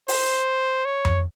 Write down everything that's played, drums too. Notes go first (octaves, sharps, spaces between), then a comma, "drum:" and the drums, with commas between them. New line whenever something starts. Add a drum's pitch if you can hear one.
C5, drum: open hi-hat
C#5
drum: tom F2